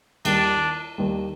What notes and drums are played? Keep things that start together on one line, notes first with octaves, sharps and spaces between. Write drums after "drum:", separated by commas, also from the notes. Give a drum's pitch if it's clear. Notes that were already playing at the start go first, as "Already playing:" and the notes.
D#2 D#3 G3 D4, drum: cymbal
D#2 D#3 G3